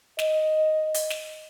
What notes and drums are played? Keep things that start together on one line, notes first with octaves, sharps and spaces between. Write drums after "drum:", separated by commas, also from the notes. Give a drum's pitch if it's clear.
D#5, drum: snare
drum: hi-hat
drum: snare